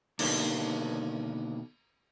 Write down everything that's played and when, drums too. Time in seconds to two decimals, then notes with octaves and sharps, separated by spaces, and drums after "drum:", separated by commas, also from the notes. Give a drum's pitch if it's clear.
0.19 B2 D3 D#3 G3 A#3, drum: cymbal